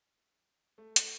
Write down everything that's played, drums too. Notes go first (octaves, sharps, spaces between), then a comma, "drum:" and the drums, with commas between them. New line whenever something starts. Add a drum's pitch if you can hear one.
A3
drum: hi-hat